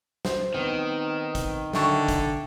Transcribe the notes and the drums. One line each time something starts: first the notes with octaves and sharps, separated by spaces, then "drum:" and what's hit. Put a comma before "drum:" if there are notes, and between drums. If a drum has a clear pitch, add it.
C5, drum: snare
D#3 B3 C4
drum: kick, hi-hat
D3 E5 G5 C#6, drum: snare
drum: kick, hi-hat